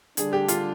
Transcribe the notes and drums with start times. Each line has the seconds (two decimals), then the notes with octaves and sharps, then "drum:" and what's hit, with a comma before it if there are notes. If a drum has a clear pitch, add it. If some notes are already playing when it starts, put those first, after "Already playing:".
0.17 D3 G3 D4 G#4, drum: hi-hat
0.33 G4
0.48 F4, drum: hi-hat